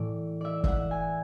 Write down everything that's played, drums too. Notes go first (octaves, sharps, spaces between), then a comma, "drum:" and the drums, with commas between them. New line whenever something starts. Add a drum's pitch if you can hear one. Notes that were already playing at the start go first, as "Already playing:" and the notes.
Already playing: A2 E3 D5
D5 E5
E5 F#5, drum: kick
G#5